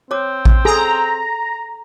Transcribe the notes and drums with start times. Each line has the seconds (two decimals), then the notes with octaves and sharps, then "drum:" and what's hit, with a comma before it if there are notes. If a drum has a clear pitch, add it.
0.11 C4 C#5 D6
0.45 drum: kick A1
0.65 G#4 A4 A#5